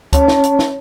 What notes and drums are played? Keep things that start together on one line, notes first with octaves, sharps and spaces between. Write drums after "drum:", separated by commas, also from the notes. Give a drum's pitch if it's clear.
C#4 C#5 A5, drum: kick D2, hi-hat
drum: snare
drum: hi-hat
drum: snare